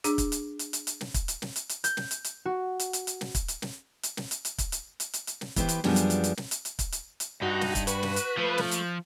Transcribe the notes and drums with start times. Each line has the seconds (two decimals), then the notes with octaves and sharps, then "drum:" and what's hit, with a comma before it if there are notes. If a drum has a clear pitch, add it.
0.04 D4 G#4 D6, drum: hi-hat
0.18 drum: kick, hi-hat
0.32 drum: hi-hat
0.59 drum: hi-hat
0.73 drum: hi-hat
0.87 drum: hi-hat
1.01 drum: snare
1.14 drum: kick, hi-hat
1.28 drum: hi-hat
1.42 drum: snare
1.56 drum: hi-hat
1.69 drum: hi-hat
1.84 G6, drum: hi-hat
1.97 drum: snare
2.11 drum: hi-hat
2.24 drum: hi-hat
2.45 F#4
2.80 drum: hi-hat
2.93 drum: hi-hat
3.07 drum: hi-hat
3.21 drum: snare
3.35 drum: kick, hi-hat
3.48 drum: hi-hat
3.62 drum: snare
4.03 drum: hi-hat
4.17 drum: snare
4.31 drum: hi-hat
4.45 drum: hi-hat
4.58 drum: kick, hi-hat
4.72 drum: hi-hat
5.00 drum: hi-hat
5.14 drum: hi-hat
5.27 drum: hi-hat
5.41 drum: snare
5.56 E3 B3 G4 C5, drum: kick, hi-hat
5.69 drum: hi-hat
5.84 F#2 F3 G3 B3 D4 G#4, drum: snare
5.96 drum: hi-hat
6.10 drum: hi-hat
6.24 drum: hi-hat
6.37 drum: snare
6.51 drum: hi-hat
6.65 drum: hi-hat
6.79 drum: kick, hi-hat
6.92 drum: hi-hat
7.20 drum: hi-hat
7.42 G2 D#4 F#4
7.61 drum: snare
7.75 drum: kick, hi-hat
7.87 F#4 B4, drum: hi-hat
8.03 drum: snare
8.16 drum: hi-hat
8.37 F3 A3
8.58 drum: snare
8.71 drum: hi-hat